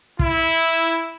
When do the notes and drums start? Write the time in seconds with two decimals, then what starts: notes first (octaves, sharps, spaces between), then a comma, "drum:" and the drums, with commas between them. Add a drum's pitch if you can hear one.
0.19 E4, drum: kick